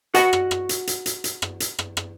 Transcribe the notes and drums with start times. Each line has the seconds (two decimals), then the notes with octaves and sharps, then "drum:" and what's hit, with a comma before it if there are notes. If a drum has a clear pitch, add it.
0.15 F#4 D#5 F#5, drum: hi-hat
0.33 drum: rim click
0.51 drum: rim click
0.69 drum: hi-hat
0.87 drum: hi-hat
1.06 drum: hi-hat
1.24 drum: hi-hat
1.42 drum: rim click
1.60 drum: hi-hat
1.79 drum: rim click
1.97 drum: rim click